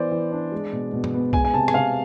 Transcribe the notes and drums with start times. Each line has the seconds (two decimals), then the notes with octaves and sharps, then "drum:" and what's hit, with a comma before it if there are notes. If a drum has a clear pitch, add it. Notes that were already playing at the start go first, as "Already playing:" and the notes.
Already playing: E3 B3 C5 D5
0.11 E3
0.32 D4
0.52 G#3
0.73 B2
0.93 B2
1.04 drum: tom
1.13 B3
1.33 G#3 G#5, drum: kick
1.45 G#5
1.54 C3 A5
1.68 G#5, drum: rim click
1.74 C3 F5